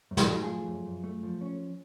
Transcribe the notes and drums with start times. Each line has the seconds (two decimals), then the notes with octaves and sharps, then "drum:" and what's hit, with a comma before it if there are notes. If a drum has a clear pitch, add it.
0.11 F#2
0.17 F#4 A4, drum: snare
0.30 A3
0.42 F4 G#4
0.49 F3
0.67 F#2
0.86 F#2
1.04 A3
1.23 F3
1.41 C#4